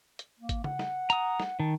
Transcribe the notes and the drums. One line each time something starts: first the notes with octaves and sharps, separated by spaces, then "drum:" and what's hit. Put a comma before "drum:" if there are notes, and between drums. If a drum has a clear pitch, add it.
drum: hi-hat
A#3
drum: kick G#1, hi-hat
F#5, drum: tom C#3
drum: snare
A#5 D#6, drum: hi-hat
drum: snare
D#3 A5